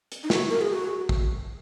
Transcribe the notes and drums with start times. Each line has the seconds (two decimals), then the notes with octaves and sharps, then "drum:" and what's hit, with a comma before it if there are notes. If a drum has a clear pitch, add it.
0.12 drum: hi-hat
0.24 D#4
0.30 F#4, drum: snare
0.50 A#4
0.61 G#4
0.73 F#4
1.09 drum: kick